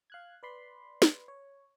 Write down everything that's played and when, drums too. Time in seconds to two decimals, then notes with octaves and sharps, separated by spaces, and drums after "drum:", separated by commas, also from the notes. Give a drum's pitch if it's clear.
0.10 F5 F#6 G#6
0.43 B4 D5 B5 C6
1.02 drum: snare
1.28 C#5